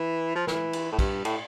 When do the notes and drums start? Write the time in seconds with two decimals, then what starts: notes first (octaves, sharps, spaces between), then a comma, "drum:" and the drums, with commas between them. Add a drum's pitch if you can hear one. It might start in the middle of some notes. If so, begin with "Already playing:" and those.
Already playing: E3
0.36 F3
0.47 E3, drum: snare
0.73 drum: cymbal
0.92 A2
0.99 G2, drum: kick, cymbal
1.25 A2, drum: cymbal